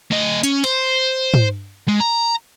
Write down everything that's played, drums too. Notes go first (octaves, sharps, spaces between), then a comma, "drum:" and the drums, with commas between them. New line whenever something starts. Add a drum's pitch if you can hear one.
A3 D#5
C#4, drum: hi-hat
C5, drum: cymbal
drum: tom
G#3
A#5